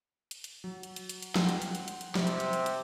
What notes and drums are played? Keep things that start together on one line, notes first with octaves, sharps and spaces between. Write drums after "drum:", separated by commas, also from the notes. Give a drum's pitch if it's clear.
drum: hi-hat
drum: hi-hat
F#3
drum: hi-hat
drum: hi-hat
drum: hi-hat
drum: hi-hat
F#5 G5 C6, drum: snare
drum: hi-hat
drum: hi-hat
drum: hi-hat
drum: hi-hat
drum: hi-hat
C3, drum: snare
drum: hi-hat
drum: hi-hat
drum: hi-hat
drum: hi-hat